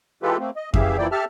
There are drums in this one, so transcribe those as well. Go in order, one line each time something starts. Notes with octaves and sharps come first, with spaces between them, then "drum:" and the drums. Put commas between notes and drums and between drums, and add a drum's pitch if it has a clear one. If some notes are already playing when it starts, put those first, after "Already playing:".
E3 G#3 F4 G4 A4 B4
A3 A#3 C4
D#5
C#3 E3 G4 G#4 E5 F5, drum: kick F2
E3 F3 A#3 E4 D5 G5
G4 A4 E5 A5 F6